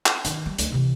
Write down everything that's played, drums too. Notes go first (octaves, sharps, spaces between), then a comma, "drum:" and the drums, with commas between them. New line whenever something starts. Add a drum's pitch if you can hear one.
drum: clap
D#3, drum: hi-hat
G3
D2, drum: hi-hat
C3 E3